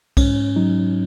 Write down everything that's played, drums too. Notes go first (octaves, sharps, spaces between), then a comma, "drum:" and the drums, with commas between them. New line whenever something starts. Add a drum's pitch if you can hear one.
G#2 C#4, drum: kick B1, cymbal
F#3 D#4